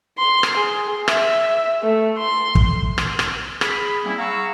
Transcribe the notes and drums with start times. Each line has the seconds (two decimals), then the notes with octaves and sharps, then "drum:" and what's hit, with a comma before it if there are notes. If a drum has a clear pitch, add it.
0.18 C6
0.43 drum: rim click
0.57 G#4
1.08 E5, drum: rim click
1.83 A3
2.18 C6
2.55 drum: kick
2.98 drum: rim click
3.19 drum: rim click
3.61 G#4 B5, drum: rim click
4.04 G3 A#3 C4 C#4 E4
4.18 G#4 F5 F#5 A#5 C#6 E6